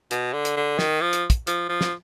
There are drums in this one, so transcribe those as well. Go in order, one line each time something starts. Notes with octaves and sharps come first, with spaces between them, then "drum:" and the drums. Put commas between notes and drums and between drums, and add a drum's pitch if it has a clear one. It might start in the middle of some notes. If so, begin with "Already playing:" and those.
B2, drum: hi-hat
D3
drum: hi-hat
D3
D#3, drum: snare
F3
drum: hi-hat
drum: kick, hi-hat
F3, drum: hi-hat
F3
drum: snare